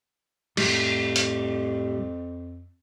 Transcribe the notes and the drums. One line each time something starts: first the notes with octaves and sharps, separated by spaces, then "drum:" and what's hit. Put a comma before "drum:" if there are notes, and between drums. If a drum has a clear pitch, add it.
F2 A2 G3, drum: cymbal
drum: hi-hat